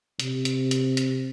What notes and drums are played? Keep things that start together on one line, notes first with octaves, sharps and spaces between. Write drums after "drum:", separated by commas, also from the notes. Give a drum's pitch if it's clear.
C3, drum: hi-hat
drum: hi-hat
drum: hi-hat
drum: hi-hat